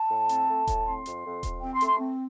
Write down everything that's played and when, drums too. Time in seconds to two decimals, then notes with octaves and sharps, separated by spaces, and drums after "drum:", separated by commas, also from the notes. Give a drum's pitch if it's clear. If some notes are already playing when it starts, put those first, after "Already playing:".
Already playing: A5
0.10 A2
0.29 C4, drum: hi-hat
0.48 A3
0.67 A2, drum: kick D#1, hi-hat
0.86 C4 C6
1.06 F2, drum: hi-hat
1.25 F2
1.43 F2, drum: kick D#1, hi-hat
1.61 C4 G5
1.75 C6
1.81 A3, drum: hi-hat
1.87 C6
2.00 C4